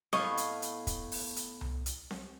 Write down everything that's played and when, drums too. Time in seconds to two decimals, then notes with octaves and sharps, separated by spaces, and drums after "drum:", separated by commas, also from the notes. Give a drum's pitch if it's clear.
0.13 A2 B3 D#5 F5 C#6, drum: snare C4
0.37 drum: hi-hat
0.62 drum: hi-hat
0.87 drum: kick, hi-hat
1.12 drum: open hi-hat
1.36 drum: hi-hat
1.61 drum: tom C2
1.86 drum: hi-hat
2.11 drum: snare C4